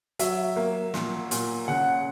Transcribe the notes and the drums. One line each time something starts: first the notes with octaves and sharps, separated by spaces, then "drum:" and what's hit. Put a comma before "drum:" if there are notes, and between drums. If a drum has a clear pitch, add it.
F#3 E5, drum: hi-hat
A#3
A#2, drum: snare
A#2, drum: hi-hat
C#3 F#5